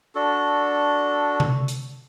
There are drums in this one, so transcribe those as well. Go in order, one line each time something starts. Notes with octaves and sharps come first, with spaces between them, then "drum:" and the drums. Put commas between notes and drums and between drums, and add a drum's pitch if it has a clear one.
D4 F#4 A4
drum: tom C3
drum: hi-hat